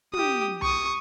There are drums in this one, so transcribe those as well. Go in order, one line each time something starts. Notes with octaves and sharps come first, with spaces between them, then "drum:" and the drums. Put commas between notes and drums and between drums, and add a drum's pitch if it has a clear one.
G4 D#6, drum: tom
C#6 D#6, drum: kick